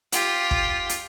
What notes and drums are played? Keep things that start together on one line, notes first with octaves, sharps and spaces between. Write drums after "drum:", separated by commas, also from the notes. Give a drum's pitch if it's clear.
F4 G4, drum: hi-hat
drum: kick
drum: hi-hat